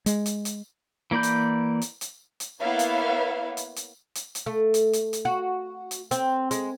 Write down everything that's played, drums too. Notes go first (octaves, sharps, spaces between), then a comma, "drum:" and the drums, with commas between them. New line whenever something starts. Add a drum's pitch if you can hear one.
G#3, drum: hi-hat
drum: hi-hat
drum: hi-hat
E3 A#3 D5 B5 G6
drum: hi-hat
drum: hi-hat
drum: hi-hat
drum: hi-hat
A#3 B3 E4 B4 C#5 F5
drum: hi-hat
drum: hi-hat
drum: hi-hat
drum: hi-hat
drum: hi-hat
A3
drum: hi-hat
drum: hi-hat
drum: hi-hat
F#4
drum: hi-hat
C4, drum: hi-hat
G#3, drum: hi-hat